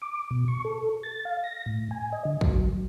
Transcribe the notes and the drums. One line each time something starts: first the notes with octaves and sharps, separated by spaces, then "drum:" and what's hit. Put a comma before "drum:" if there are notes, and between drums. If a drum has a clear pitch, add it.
D6
B2
C#6
A4
A6
F5
A#6
A2
G#5
D#5
D3
F#3, drum: kick